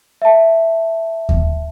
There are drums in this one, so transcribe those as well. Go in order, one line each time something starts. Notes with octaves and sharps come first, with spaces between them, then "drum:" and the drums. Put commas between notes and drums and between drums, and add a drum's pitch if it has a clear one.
E5 A5
drum: kick D#2